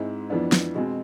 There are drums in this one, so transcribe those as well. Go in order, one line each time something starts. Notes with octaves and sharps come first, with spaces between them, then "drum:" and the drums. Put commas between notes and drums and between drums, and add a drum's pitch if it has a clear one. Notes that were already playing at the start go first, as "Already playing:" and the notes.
Already playing: G#2 G#3 C4 E4
F2 E3 B3 D4
drum: snare
B2 G#3 C4